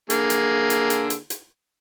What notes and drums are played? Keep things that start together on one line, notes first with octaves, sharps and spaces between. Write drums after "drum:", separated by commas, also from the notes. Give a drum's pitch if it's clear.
D3 A#3 G#4, drum: hi-hat
drum: hi-hat
drum: hi-hat
drum: hi-hat
drum: hi-hat
drum: hi-hat